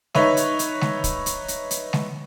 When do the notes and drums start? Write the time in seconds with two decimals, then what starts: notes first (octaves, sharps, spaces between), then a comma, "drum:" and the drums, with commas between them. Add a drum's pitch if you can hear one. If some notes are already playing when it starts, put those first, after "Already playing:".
0.14 D#4 B4 C#5 E5, drum: snare
0.37 drum: hi-hat
0.59 drum: hi-hat
0.81 drum: snare
1.04 drum: kick, hi-hat
1.26 drum: hi-hat
1.48 drum: hi-hat
1.71 drum: hi-hat
1.93 drum: snare